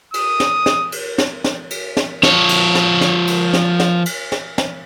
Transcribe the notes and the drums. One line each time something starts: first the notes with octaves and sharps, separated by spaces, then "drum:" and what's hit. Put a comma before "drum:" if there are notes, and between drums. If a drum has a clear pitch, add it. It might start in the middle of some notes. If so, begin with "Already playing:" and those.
D#6, drum: cymbal
drum: snare
drum: snare
drum: cymbal
drum: snare
drum: snare
drum: cymbal
drum: snare
F3 C#5, drum: snare
drum: cymbal
drum: snare
drum: snare
drum: cymbal
drum: snare
drum: snare
drum: cymbal
drum: snare
drum: snare